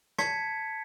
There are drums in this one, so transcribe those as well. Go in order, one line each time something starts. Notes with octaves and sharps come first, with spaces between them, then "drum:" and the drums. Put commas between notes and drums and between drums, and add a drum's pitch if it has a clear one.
A5 G#6 B6 C#7, drum: rim click